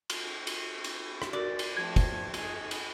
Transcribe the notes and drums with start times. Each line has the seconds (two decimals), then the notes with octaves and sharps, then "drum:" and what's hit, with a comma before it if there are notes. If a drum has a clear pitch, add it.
0.10 drum: cymbal
0.47 drum: cymbal
0.84 drum: cymbal
1.22 drum: rim click
1.33 F#4 A#4 D5
1.59 drum: cymbal
1.77 F3 A3 C4 G#6
1.96 drum: kick, cymbal
2.34 D#4 G#4 A4, drum: cymbal
2.71 drum: cymbal